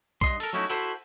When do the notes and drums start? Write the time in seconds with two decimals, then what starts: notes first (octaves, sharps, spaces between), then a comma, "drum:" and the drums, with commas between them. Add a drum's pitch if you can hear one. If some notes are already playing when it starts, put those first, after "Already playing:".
0.21 G2 D#5 C6, drum: kick B1
0.40 A4 A#4, drum: cymbal
0.53 F#3 A3 C#4 D#4 E4 F#4
0.70 E4 F#4 A4 B4 C5 E5